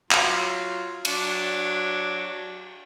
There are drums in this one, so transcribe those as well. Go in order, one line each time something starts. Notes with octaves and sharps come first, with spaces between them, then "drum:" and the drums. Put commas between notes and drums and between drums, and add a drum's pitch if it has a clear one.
F#3 F4, drum: clap
F#3 D4, drum: cymbal